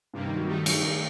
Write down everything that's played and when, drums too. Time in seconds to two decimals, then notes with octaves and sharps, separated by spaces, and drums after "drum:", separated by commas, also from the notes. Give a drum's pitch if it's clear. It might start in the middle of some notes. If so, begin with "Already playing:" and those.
0.13 G2 C3 G3 A#3
0.26 D#3
0.36 F#3
0.48 D#3 G3 A3 D#4
0.66 F#3, drum: cymbal
0.83 D#3